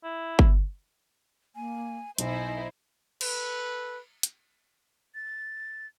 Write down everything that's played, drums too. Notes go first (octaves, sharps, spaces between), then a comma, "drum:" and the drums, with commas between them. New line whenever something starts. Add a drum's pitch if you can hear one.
E4
drum: kick G1
A#3 G#5
B1 B2 D#4 E4 C5 D#5 G#5, drum: hi-hat
A4 B4, drum: cymbal
drum: hi-hat
A6